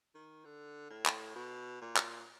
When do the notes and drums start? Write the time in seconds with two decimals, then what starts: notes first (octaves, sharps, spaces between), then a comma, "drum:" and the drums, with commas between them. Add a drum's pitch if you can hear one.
0.15 D#3
0.45 D3
0.90 A2
1.06 drum: clap
1.36 B2
1.81 A#2
1.97 drum: clap